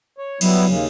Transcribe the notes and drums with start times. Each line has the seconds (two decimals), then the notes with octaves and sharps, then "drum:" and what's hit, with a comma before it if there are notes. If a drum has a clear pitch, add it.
0.18 C#5
0.41 F#3 G3 B3 E4, drum: cymbal
0.66 D#2 C#3